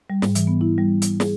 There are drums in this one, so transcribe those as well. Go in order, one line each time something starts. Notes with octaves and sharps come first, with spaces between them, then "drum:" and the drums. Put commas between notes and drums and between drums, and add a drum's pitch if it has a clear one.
G3
G#2, drum: snare
E3, drum: hi-hat
B3
E4
G3
drum: hi-hat
G#4, drum: snare